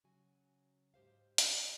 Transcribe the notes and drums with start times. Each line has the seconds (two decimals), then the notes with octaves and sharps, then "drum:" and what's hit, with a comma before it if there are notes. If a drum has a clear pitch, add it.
0.04 C#3 F#3 F#4 G#5
0.94 G#2 G4 C5 F5
1.38 drum: hi-hat